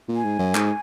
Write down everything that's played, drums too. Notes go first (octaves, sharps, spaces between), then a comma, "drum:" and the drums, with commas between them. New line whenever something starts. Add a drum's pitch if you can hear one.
A#2
G#5
G#2
F#2
G#2, drum: clap